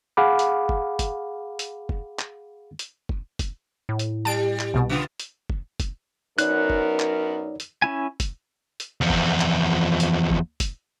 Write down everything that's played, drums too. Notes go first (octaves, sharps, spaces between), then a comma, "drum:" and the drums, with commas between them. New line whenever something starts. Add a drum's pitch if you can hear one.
G#4 F5 F#5 B5 D6
drum: hi-hat
drum: kick
drum: kick, hi-hat
drum: hi-hat
drum: kick
drum: clap
drum: hi-hat
drum: kick
drum: kick, hi-hat
A2
drum: hi-hat
G3 A5 D7
drum: clap
C2 B2
C#3 B3 F4
drum: hi-hat
drum: kick
drum: kick, hi-hat
F#2 B3 D#4 A#4 C#5 D5 F#6, drum: hi-hat
drum: kick
drum: clap
drum: hi-hat
C#4 E4 G#5
drum: kick, hi-hat
drum: hi-hat
E2 F3
drum: kick
drum: clap
drum: hi-hat
drum: kick
drum: kick, hi-hat